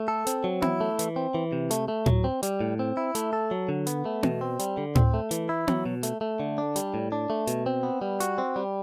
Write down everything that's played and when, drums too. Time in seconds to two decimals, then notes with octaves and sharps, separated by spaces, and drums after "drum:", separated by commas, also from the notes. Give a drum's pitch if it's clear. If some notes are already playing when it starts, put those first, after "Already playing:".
Already playing: A3
0.08 A4
0.27 C4, drum: hi-hat
0.44 F#3
0.62 E4, drum: tom B3
0.81 A3
0.99 E3, drum: hi-hat
1.16 C4
1.34 E3
1.52 C3
1.71 A3, drum: hi-hat
1.88 A3
2.06 F#3, drum: tom A2
2.24 C4
2.43 G3, drum: hi-hat
2.61 A2
2.79 C4
2.97 E4
3.15 A3, drum: hi-hat
3.33 A4
3.51 F#3
3.69 D3
3.87 B3, drum: hi-hat
4.05 A3
4.23 B2, drum: tom B3
4.41 C4
4.59 G3, drum: hi-hat
4.78 D3
4.95 C4, drum: tom A2
5.14 A3
5.31 E3, drum: hi-hat
5.49 E4
5.68 F#3, drum: tom B3
5.86 B2
6.03 A3, drum: hi-hat
6.21 A3
6.40 D3
6.58 D4
6.76 G3, drum: hi-hat
6.94 A2
7.12 D4
7.30 A3
7.47 B2, drum: hi-hat
7.66 C4
7.83 B3
8.01 G3
8.20 F#4, drum: hi-hat
8.38 C4
8.56 G3